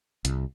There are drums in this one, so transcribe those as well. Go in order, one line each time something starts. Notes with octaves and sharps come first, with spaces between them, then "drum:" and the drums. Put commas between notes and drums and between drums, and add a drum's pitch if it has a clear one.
C2, drum: hi-hat